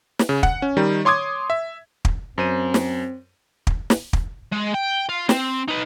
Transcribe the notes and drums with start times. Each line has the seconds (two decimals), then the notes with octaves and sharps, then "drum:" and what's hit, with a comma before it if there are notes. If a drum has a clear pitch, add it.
0.19 drum: snare
0.29 C#3
0.43 F#5, drum: kick
0.62 C#4
0.77 D#3 G3 D#4
1.05 C#5 C6 D6 D#6 G#6
1.50 E5
2.05 drum: kick
2.38 F#2 C4 C5 D#7
2.74 drum: snare
3.67 drum: kick
3.90 drum: snare
4.13 drum: kick
4.52 G#3
4.74 G5
5.09 F4
5.29 C4, drum: snare
5.68 D#4 B4